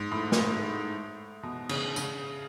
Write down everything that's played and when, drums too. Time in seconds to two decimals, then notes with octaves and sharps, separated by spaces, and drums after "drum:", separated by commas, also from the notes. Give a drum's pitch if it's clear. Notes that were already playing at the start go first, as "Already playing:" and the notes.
Already playing: G#2
0.11 A2
0.32 drum: snare
1.43 B2
1.69 C#3, drum: cymbal
1.96 C#3, drum: tambourine